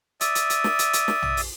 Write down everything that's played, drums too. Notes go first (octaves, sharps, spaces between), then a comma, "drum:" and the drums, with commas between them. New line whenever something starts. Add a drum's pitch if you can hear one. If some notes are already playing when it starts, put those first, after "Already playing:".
D5 E5 D#6, drum: hi-hat
drum: hi-hat
drum: hi-hat
drum: snare
drum: hi-hat
drum: hi-hat
drum: snare
drum: tom
drum: open hi-hat